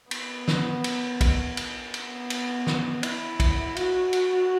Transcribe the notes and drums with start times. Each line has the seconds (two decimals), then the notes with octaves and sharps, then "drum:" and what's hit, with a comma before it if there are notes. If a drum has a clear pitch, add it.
0.11 B3, drum: cymbal
0.48 drum: snare
0.84 drum: cymbal
1.21 drum: kick, cymbal
1.57 drum: cymbal
1.94 B3, drum: cymbal
2.30 drum: cymbal
2.67 drum: snare
3.03 E4, drum: cymbal
3.40 drum: kick, cymbal
3.76 F#4, drum: cymbal
4.13 drum: cymbal